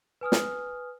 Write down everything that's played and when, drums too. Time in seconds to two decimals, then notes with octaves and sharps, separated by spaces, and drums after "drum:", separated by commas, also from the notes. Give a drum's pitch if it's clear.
0.21 B4 G#5 D#6 F6
0.32 drum: snare